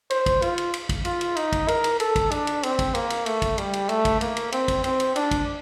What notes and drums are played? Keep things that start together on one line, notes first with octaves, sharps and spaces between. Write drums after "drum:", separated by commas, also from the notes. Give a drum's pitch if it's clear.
C5, drum: cymbal
drum: kick, cymbal
F4, drum: cymbal
drum: cymbal
drum: cymbal
drum: kick, cymbal
F4, drum: cymbal
drum: cymbal
D#4, drum: cymbal
drum: kick, cymbal
A#4, drum: cymbal
drum: cymbal
A4, drum: cymbal
drum: kick, cymbal
D4, drum: cymbal
drum: cymbal
C4, drum: cymbal
drum: kick, cymbal
A#3, drum: cymbal
drum: cymbal
A3, drum: cymbal
drum: kick, cymbal
G3, drum: cymbal
drum: cymbal
A3, drum: cymbal
drum: kick, cymbal
A#3, drum: cymbal
drum: cymbal
C4, drum: cymbal
drum: kick, cymbal
C4, drum: cymbal
drum: cymbal
D4, drum: cymbal
drum: kick, cymbal